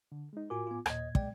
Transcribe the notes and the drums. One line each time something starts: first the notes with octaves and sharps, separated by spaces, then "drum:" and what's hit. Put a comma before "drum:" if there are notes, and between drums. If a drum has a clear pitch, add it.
D3
G#3 D#4
A2 F4 F#4 A#4 G#5 D6
B3 F4
D#2 A#2 D#5 G#6, drum: rim click
G#3 D5 G5, drum: kick